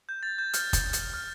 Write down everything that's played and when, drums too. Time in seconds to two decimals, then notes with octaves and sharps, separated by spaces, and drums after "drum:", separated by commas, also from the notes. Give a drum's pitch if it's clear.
0.09 G6
0.23 A6
0.38 G6
0.53 F6, drum: hi-hat
0.73 drum: kick, hi-hat
0.93 drum: hi-hat
1.14 F6